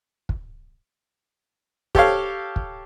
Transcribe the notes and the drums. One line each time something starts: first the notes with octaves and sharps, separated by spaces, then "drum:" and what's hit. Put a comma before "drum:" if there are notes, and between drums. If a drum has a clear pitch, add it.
drum: kick
G4 A4 C#5 F5, drum: kick
drum: kick